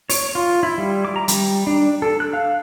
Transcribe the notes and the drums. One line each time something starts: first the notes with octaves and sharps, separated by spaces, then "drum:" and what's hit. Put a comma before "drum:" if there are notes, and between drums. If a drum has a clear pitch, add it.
C#5, drum: open hi-hat
F4
E4
G3
D6
A#5
G3, drum: hi-hat
D4
A4
F#6
F5